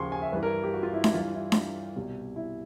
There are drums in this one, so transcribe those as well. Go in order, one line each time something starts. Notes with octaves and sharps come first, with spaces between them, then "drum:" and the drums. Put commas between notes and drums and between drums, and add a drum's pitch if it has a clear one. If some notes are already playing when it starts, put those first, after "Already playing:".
Already playing: D#2 C#3 F3 G#5 C6 C#6
G#5
E5
G2 E3 B4
A#4
G4
F#4
F4
E4
E4, drum: snare D4
G2 E3 F4
E4
drum: snare D4
C2 B2
E4